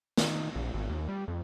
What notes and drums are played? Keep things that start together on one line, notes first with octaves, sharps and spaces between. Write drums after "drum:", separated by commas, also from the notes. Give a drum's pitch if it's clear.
D#3, drum: snare
A#1
G#1
D#2
G3
F2